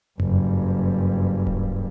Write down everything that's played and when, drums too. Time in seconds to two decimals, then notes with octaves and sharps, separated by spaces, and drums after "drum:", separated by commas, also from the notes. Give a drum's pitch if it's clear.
0.20 F#1 G2, drum: tom F2
1.47 drum: kick D1